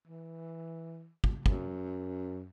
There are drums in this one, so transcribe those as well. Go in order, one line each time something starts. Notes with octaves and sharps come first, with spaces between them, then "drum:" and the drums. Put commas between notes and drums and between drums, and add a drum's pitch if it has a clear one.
E3
drum: kick
F#2, drum: kick